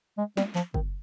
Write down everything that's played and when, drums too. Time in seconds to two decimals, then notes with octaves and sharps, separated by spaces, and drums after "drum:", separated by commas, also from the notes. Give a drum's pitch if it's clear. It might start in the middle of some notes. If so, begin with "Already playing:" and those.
0.18 G#3
0.37 G3, drum: snare
0.55 F3, drum: clap
0.74 D#3, drum: kick